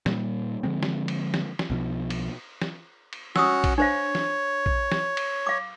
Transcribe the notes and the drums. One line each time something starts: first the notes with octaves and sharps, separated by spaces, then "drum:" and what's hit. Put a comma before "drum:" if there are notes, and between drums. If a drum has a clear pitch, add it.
A#2 G3, drum: snare
D3 F3 G#3 C4
drum: snare
drum: cymbal
drum: snare
drum: snare
B1 B2 F3
drum: cymbal
drum: snare
drum: cymbal
C#4 F#4 D#6 E6, drum: snare
drum: kick, cymbal
D4 C5 C#5 F5
drum: snare
drum: kick
drum: snare
drum: cymbal
F5 D6